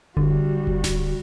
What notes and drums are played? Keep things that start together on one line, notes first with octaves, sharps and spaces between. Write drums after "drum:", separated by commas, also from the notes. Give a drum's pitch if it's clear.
D3 G3 F#4, drum: kick F1
drum: kick F1
drum: snare D1